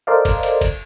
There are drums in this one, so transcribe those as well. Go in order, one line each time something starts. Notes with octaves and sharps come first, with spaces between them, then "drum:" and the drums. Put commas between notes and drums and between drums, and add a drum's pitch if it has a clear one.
A4 A#4 C5 D5 D#5 F5
drum: kick F1, cymbal
drum: cymbal
drum: kick F1, cymbal